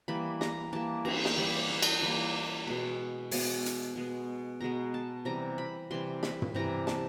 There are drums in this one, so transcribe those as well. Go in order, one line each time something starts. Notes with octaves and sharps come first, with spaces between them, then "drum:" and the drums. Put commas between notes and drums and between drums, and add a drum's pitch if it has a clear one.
E3 G3 A#3 B5
A#5, drum: snare
E3 G3 A#3 A5
A#5, drum: cymbal
drum: snare
E3 G3 A#3 B5
B5
drum: cymbal
E3 G3 A#3 B5
B2 G#3 B3 B5
B2 G#3 B3, drum: open hi-hat
drum: hi-hat
B2 G#3 B3
B2 G#3 B3 A#5
A5
C3 E3 G3 A#5
B5
C3 E3 G3 C6
B5, drum: snare
drum: tom
C3 E3 G3 A#5
A5, drum: snare